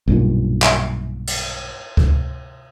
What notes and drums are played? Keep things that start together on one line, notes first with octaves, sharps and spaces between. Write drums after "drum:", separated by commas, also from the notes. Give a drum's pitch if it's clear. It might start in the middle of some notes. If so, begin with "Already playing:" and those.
B1 G2 A#2
drum: clap
drum: cymbal
drum: kick C#2